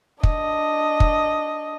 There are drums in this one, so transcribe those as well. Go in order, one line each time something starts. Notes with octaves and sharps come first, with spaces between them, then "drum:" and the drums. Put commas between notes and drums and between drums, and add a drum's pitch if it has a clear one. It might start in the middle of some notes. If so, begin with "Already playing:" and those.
D4 D#5, drum: kick
drum: kick